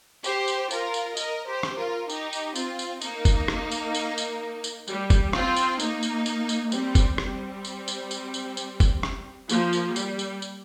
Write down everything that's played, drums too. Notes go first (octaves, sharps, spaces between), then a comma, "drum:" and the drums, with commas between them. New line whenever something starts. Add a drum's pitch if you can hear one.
G4 C5, drum: tambourine
drum: tambourine
F4 A#4, drum: tambourine
drum: tambourine
A#4 D#5, drum: tambourine
G4 C5
drum: rim click
F4 A#4
D#4 G4, drum: tambourine
drum: tambourine
C4 F4, drum: tambourine
drum: tambourine
A#3 D#4, drum: tambourine
drum: kick F1, tambourine
drum: rim click
drum: tambourine
drum: tambourine
drum: tambourine
drum: tambourine
G3, drum: tambourine
drum: kick F1, tambourine
C4 F4, drum: rim click
drum: tambourine
A#3 D#4, drum: tambourine
drum: tambourine
drum: tambourine
drum: tambourine
G3 C4, drum: tambourine
drum: kick F1, tambourine
G3 C4, drum: rim click
drum: tambourine
drum: tambourine
drum: tambourine
drum: tambourine
drum: tambourine
drum: kick F1, tambourine
drum: rim click
F3 A#3, drum: tambourine
drum: tambourine
G3, drum: tambourine
drum: tambourine
drum: tambourine